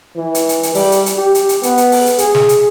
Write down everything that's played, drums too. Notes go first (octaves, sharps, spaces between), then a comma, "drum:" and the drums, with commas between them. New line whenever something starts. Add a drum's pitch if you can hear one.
E3
drum: hi-hat
drum: hi-hat
drum: hi-hat
G3, drum: open hi-hat
drum: hi-hat
drum: hi-hat
G4
drum: hi-hat
drum: hi-hat
B3, drum: hi-hat
drum: hi-hat
drum: open hi-hat
drum: hi-hat
G#4, drum: hi-hat
drum: snare
drum: hi-hat